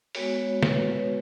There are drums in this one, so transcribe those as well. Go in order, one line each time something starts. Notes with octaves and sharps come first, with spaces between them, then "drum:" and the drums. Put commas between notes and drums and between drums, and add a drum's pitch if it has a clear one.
G#3 B3 F#4 C#5, drum: open hi-hat
B4, drum: snare